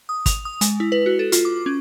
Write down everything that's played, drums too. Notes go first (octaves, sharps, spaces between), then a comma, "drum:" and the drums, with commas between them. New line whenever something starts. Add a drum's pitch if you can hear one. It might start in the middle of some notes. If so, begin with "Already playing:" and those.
D#6
F7, drum: kick, hi-hat
D#6
G#3, drum: hi-hat
E4
B4
F#4
A4
F4, drum: hi-hat
D6
C#4